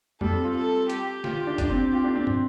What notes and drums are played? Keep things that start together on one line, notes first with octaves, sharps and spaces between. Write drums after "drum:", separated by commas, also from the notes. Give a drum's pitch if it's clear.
G3 A4, drum: tom F2
C4
F4
A4
G4, drum: hi-hat
F4, drum: snare
F4
D4
D4, drum: kick F#1, hi-hat
C4
F4 G4
D4
C4
drum: tom